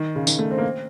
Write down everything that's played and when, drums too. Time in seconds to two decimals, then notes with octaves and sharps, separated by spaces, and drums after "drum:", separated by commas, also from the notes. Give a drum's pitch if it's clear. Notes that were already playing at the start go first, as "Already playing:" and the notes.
Already playing: D#3
0.16 C#3
0.27 D#3, drum: tambourine
0.39 A3
0.51 C4
0.58 A#3
0.64 C4